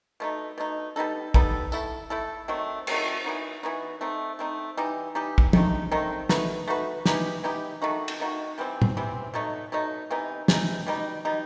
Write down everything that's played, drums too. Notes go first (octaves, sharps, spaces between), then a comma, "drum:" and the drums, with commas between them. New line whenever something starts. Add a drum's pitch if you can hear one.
B2 A3 D#4
B2 A3 D#4
G3 B3 D#4 A4
G3 B3 D#4 A4, drum: kick
A3 E4 A4, drum: tambourine
A3 E4 A4
D#3 F#3 A3 C4
D#3 F#3 A3 C4, drum: cymbal
E3 B3 D#4 F#4
E3 B3 D#4 F#4
A3 C4 D#4
A3 C4 D#4
E3 G3 D#4 G4
E3 G3 D#4 G4
drum: kick
D#3 A3 C4 D#4, drum: tom
D#3 A3 C4 D#4
A3 D#4 F#4 B4, drum: snare
A3 D#4 F#4 B4
E3 B3 D#4 G4, drum: snare
E3 B3 D#4 G4
D#3 A3 D#4 F#4
drum: cymbal
D#3 A3 D#4 F#4
C3 E3 G3 C4
drum: tom
C3 E3 G3 C4
B2 F#3 A3 D#4
B2 F#3 A3 D#4
C3 E3 B3 D#4
C3 E3 B3 D#4, drum: snare
B2 G3 D#4
B2 G3 D#4